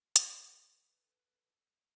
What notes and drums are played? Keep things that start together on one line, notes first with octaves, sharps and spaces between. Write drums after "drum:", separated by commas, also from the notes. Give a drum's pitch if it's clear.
A4 B4, drum: hi-hat